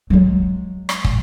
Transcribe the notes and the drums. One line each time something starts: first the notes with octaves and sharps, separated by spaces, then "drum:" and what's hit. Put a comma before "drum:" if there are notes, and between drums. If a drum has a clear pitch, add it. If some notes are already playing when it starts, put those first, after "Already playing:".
F#3 G#3
drum: rim click
drum: kick